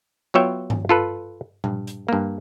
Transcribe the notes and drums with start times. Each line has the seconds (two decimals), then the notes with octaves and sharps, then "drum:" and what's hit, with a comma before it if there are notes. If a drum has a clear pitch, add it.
0.34 F#3 B3 F4 C#5 E5 G5
0.70 drum: tom G2
0.89 F4 A4 B4
1.64 G2, drum: tom A#2
1.87 drum: hi-hat
2.08 G2 A#3